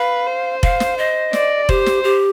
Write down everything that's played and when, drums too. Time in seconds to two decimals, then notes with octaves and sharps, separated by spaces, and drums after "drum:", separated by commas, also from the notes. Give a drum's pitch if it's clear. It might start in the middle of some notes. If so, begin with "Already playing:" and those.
Already playing: B4 F5
0.27 C5
0.63 F5, drum: kick F1
0.80 drum: snare
0.98 D#5
1.33 D5, drum: snare
1.69 G4 C5, drum: kick F1
1.86 drum: snare
2.04 G4